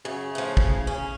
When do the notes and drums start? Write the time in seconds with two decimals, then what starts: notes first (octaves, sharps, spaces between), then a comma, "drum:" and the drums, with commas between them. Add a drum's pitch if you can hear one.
0.05 F#2 C#3
0.35 A2 F3
0.57 drum: kick
0.87 C#4